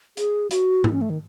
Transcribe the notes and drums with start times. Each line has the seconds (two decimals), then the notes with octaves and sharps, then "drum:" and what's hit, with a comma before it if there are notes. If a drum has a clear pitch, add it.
0.17 G#4, drum: hi-hat
0.51 F#4, drum: hi-hat
0.84 E4, drum: tom G#2
0.92 C#4
1.01 A3
1.10 D#3